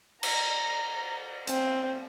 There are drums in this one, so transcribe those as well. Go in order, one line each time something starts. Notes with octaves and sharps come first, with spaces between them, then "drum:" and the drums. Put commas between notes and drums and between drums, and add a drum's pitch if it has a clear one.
A#5, drum: cymbal
C4, drum: hi-hat